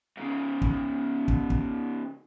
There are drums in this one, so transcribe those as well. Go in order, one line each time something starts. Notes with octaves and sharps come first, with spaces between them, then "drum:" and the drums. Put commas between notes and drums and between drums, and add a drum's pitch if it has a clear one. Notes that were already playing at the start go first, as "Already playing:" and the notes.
G#2 C#3
drum: kick
drum: kick
drum: kick